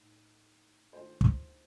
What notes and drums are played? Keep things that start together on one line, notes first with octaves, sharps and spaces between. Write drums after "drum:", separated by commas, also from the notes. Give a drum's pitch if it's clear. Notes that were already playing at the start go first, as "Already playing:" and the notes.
Already playing: A2 D#4
D#3 A3 D4 F4 C5
drum: kick